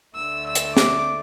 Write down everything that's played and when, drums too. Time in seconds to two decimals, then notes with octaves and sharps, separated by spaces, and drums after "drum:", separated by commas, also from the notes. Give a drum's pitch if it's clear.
0.15 D2 D3 A3 E6
0.46 E6
0.55 drum: hi-hat
0.77 D6, drum: snare